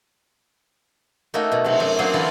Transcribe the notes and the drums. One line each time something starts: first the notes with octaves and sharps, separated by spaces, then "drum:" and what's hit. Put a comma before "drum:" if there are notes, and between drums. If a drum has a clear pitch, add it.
A3 A#3 C#4 D#4 F#4 A#4
B2
C3 F#3, drum: cymbal
F#2
F#3 A#3 C4 D4 G#4 C5
D3 E3 F4 A4 B4